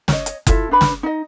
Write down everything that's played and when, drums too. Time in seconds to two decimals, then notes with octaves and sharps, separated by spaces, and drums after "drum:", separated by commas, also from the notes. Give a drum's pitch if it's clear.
0.08 C#5 D#5, drum: snare
0.26 drum: hi-hat
0.47 E4 F4 A4 E5, drum: kick F#1, hi-hat
0.71 D4 B4 B5
0.81 drum: snare
1.03 D#4 D#5